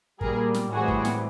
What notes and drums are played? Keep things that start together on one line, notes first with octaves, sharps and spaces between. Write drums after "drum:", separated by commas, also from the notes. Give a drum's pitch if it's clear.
A#2 G3 A#3 G#4 A#4, drum: kick
drum: snare
A2 E3 G3 C4 F#4 G#4
drum: kick
drum: snare